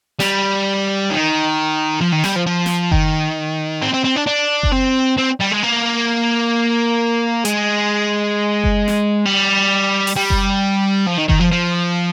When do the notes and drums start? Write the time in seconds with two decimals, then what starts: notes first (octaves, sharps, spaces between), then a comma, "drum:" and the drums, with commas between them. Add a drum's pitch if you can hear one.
0.20 G3, drum: snare
1.10 D#3
2.01 F3
2.12 D#3
2.24 G3, drum: snare
2.35 F3
2.46 F3
2.66 drum: snare
2.92 D#3, drum: kick F#1
3.82 C4
3.94 C4
4.05 C4
4.16 D4
4.27 D4
4.63 drum: kick F#1
4.72 C4
5.18 C4
5.41 G3
5.52 G#3
5.63 A#3
7.45 G#3, drum: hi-hat
8.64 drum: kick F#1
8.88 drum: snare
9.26 G3
10.07 drum: open hi-hat
10.16 G3
10.30 drum: kick F#1
11.07 F3
11.18 D#3
11.29 D#3, drum: kick F#1
11.41 F3
11.52 F3